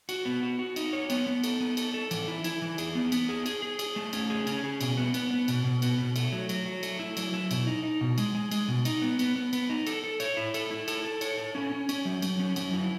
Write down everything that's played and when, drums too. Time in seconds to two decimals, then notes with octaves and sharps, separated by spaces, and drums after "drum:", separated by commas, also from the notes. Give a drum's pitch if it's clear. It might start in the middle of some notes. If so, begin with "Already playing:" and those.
0.09 F#4, drum: cymbal
0.25 B3
0.43 F#4
0.59 F#4
0.76 D#4, drum: cymbal
0.93 C#5
1.10 B3, drum: cymbal
1.26 B3
1.44 A4, drum: cymbal
1.60 B3
1.77 A4, drum: cymbal
1.94 A4
2.11 E3, drum: cymbal
2.28 E4
2.44 E4, drum: cymbal
2.62 E3
2.78 G#4, drum: cymbal
2.95 B3
3.12 B3, drum: cymbal
3.29 G#4
3.46 G#4, drum: cymbal
3.62 G#4
3.79 G#4, drum: cymbal
3.96 A3
4.13 C#4, drum: cymbal
4.30 G#4
4.47 C#4, drum: cymbal
4.64 G#4
4.81 B2, drum: cymbal
4.97 B3
5.14 B3, drum: cymbal
5.31 B3
5.48 B2, drum: cymbal
5.65 B2
5.82 B3, drum: cymbal
5.99 B2
6.16 A3, drum: cymbal
6.32 F#3
6.49 F#3, drum: cymbal
6.66 F#3
6.83 A3, drum: cymbal
7.00 E4
7.17 F#3, drum: cymbal
7.34 E4
7.51 B2, drum: cymbal
7.67 D#4
7.84 D#4
8.01 B2
8.18 G#3, drum: cymbal
8.35 G#3
8.51 G#3, drum: cymbal
8.68 B2
8.85 D#4, drum: cymbal
9.02 B3
9.19 B3, drum: cymbal
9.36 B3
9.53 B3, drum: cymbal
9.70 D#4
9.87 A4, drum: cymbal
10.04 A4
10.20 C#5, drum: cymbal
10.37 E4
10.54 A4, drum: cymbal
10.71 E4
10.88 A4, drum: cymbal
11.05 A4
11.21 C#5, drum: cymbal
11.38 A4
11.55 C#4
11.72 C#4
11.89 C#4, drum: cymbal
12.05 F#3
12.22 F#3, drum: cymbal
12.39 C#4
12.56 F#3, drum: cymbal
12.73 E4